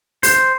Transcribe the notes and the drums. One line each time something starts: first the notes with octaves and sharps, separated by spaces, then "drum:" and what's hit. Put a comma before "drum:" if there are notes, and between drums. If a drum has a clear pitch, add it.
C5, drum: open hi-hat